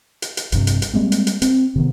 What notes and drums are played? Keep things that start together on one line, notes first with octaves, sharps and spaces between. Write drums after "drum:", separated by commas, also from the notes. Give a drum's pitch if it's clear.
drum: hi-hat
drum: hi-hat
A#1 G2 C3, drum: hi-hat
drum: hi-hat
drum: hi-hat
G3 G#3 A#3 C4
drum: hi-hat
drum: hi-hat
C4, drum: hi-hat
C3 D#3 B3